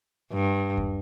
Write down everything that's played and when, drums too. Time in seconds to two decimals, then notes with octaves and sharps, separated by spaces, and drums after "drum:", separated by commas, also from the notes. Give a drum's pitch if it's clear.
0.33 G2
0.77 drum: kick D#2